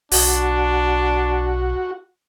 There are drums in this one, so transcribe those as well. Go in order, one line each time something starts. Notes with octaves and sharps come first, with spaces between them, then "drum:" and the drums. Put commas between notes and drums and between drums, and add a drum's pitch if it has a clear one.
B1 D4 F#4, drum: open hi-hat